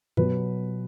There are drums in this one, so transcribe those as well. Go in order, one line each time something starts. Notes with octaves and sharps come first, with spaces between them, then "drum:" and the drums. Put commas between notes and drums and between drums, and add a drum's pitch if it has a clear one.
B2 F#3 B3 B4, drum: tom F#2